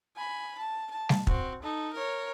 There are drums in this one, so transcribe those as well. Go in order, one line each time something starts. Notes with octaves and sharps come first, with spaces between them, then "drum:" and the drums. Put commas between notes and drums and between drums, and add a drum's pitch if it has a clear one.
G#5 B5
A5
A5
drum: snare G3
C4 F#4, drum: kick
D#4 A4
A#4 C#5